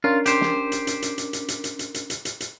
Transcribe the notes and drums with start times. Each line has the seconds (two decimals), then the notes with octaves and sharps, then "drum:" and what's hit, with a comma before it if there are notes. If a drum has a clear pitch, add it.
0.04 C#4 D4 F4 A#4
0.26 G4 C5, drum: hi-hat
0.41 drum: snare
0.72 drum: hi-hat
0.87 drum: hi-hat
1.02 drum: hi-hat
1.18 drum: hi-hat
1.33 drum: hi-hat
1.48 drum: hi-hat
1.64 drum: hi-hat
1.79 drum: hi-hat
1.94 drum: hi-hat
2.10 drum: hi-hat
2.25 drum: hi-hat
2.40 drum: hi-hat